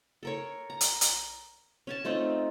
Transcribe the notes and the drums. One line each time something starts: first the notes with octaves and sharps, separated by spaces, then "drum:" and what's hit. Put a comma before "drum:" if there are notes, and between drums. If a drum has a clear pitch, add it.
A4 A#4 C#5
A#5
drum: hi-hat
drum: hi-hat
C#4 G#5 A5
A3 C4 D#4 F4